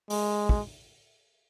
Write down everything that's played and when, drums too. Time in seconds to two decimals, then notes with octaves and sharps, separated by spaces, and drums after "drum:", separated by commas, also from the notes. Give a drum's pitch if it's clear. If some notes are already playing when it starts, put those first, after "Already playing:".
0.10 G#3, drum: open hi-hat
0.49 drum: kick